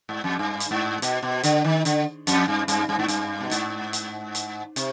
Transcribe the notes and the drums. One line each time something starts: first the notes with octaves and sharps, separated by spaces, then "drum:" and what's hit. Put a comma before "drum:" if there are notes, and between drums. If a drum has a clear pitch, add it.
G#2
F2
G2
drum: hi-hat
G#2
B2, drum: hi-hat
B2
D3, drum: hi-hat
D#3
D3, drum: hi-hat
F2, drum: hi-hat
G2
G2, drum: hi-hat
G2
G#2
G2, drum: hi-hat
B2
G#2, drum: hi-hat
drum: hi-hat
drum: hi-hat
C3, drum: hi-hat